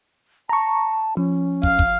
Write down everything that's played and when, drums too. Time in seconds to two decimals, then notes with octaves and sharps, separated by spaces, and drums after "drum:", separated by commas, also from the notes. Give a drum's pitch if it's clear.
0.49 A5 A#5 C#6
1.17 F3 C#4
1.63 F5, drum: kick
1.79 drum: kick